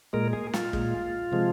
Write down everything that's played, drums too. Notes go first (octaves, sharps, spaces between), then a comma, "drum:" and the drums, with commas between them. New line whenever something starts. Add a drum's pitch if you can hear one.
A#2 G#3 A#4
G#4
F4, drum: snare
A#2 G#3, drum: kick
C3 F3 G#3